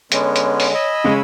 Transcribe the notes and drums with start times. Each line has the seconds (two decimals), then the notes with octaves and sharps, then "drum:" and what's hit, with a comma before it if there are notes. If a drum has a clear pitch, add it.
0.12 D3 G#3 B3 C#4 C#5, drum: hi-hat
0.36 drum: hi-hat
0.60 drum: open hi-hat
0.74 D#5 G#5 B5 E6
1.04 C#3 G#3 C#4